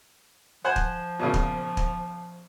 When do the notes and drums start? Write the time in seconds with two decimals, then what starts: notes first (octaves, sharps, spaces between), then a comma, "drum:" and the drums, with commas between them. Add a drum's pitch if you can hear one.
0.64 F3 C5 F#5 G#5
0.76 drum: kick
1.19 E2 A#2 C#3
1.34 drum: kick
1.77 drum: kick